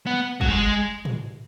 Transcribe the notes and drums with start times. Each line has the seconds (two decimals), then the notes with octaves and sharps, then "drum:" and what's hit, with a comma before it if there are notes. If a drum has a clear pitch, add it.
0.07 B3
0.41 F#3, drum: kick
0.48 G#3
1.05 drum: tom